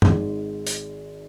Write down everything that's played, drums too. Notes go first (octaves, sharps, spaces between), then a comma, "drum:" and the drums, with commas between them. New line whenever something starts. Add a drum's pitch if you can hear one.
G#1 G#2 G#3, drum: tom
drum: hi-hat